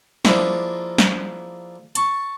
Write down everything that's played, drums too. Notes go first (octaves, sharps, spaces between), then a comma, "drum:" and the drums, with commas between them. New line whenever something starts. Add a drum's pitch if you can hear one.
F3 G#3 A#3 D4 E4, drum: snare
drum: snare
A5 C#6, drum: hi-hat